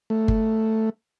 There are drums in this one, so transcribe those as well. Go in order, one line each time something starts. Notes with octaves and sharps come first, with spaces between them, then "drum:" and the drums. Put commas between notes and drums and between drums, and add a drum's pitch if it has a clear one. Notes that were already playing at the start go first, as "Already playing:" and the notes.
A3
drum: kick G1